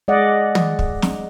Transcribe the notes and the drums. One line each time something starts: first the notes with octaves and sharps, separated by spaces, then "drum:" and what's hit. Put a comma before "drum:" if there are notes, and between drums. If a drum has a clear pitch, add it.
G#3 D5 D#5 F#5
drum: tom
drum: kick
drum: snare